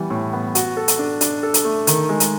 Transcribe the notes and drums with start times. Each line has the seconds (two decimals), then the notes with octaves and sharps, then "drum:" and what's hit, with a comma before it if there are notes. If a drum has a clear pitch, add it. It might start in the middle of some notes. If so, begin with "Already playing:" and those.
Already playing: E3 G3 B3
0.10 A2
0.33 B3
0.55 F#4, drum: hi-hat
0.77 A4
0.88 drum: hi-hat
0.99 D4
1.21 D4, drum: hi-hat
1.43 A4
1.54 drum: hi-hat
1.64 A3
1.87 D#3, drum: hi-hat
2.09 G#3
2.20 drum: hi-hat